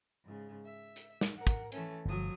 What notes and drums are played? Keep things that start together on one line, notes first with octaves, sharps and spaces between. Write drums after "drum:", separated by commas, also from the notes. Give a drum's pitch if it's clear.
G#2 C#3
E5
drum: hi-hat
drum: snare
A#4 F#5
drum: kick, hi-hat
E3 A3 C#4, drum: hi-hat
G1 F3 F#3 D#6